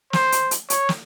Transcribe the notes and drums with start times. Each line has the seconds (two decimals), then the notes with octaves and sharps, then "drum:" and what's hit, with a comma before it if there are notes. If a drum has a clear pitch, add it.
0.13 C5, drum: snare
0.32 drum: hi-hat
0.51 drum: hi-hat
0.70 C#5, drum: hi-hat
0.89 drum: snare